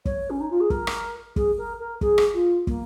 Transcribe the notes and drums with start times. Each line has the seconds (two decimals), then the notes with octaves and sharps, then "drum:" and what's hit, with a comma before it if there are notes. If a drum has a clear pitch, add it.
0.05 C#5, drum: kick
0.30 C#4
0.40 D#4
0.51 F4
0.61 G#4
0.70 A#4, drum: kick
0.87 drum: rim click
1.36 G#4, drum: kick
1.58 A#4
1.80 A#4
2.01 G#4, drum: kick
2.18 drum: rim click
2.34 F4
2.67 A#3, drum: kick